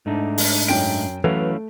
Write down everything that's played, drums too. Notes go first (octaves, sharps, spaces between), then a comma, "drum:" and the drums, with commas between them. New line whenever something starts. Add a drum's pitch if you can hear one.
G#2 A3 D4 D#4
drum: open hi-hat
F#2 G5 D7
E3 F#3 A3 C#4 E4 B4 F5